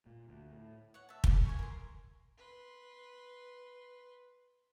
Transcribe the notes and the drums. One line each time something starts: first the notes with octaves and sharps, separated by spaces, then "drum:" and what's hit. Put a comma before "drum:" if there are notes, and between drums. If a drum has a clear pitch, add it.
A#2
D2
A2
C#5 F#5
E5 A5
F4 A4 D6, drum: kick
G#5 C#6
A#4 C6
B4 C6